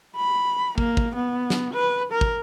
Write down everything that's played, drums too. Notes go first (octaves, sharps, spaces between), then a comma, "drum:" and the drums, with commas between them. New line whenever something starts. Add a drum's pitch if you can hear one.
B5
A#3, drum: kick
drum: kick
B3
drum: snare
B4
A#4
drum: kick